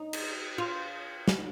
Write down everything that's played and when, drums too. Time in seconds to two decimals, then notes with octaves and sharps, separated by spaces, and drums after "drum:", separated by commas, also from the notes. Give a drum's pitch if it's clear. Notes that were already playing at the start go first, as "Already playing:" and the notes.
Already playing: D#4
0.13 drum: cymbal
0.58 F4
1.28 drum: snare